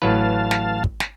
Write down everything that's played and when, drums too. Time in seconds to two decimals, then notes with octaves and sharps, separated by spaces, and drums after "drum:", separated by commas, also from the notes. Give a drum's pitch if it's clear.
0.02 A1 E3 F#3 A3 B4 F5 A5
0.51 drum: snare
0.84 drum: kick
1.00 drum: snare